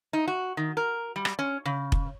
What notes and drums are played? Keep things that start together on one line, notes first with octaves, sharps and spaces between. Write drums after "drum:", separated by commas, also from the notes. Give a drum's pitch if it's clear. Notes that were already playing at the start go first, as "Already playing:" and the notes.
D#4
F#4
D#3
A#4
G3
drum: rim click
C#4
C#3
drum: kick F1